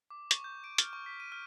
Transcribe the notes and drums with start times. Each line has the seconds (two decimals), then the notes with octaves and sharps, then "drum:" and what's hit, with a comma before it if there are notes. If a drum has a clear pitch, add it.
0.10 D6
0.31 C#6, drum: hi-hat
0.44 G6
0.64 D7
0.78 F6, drum: hi-hat
0.93 C#6
1.06 B6
1.20 D#7
1.32 F6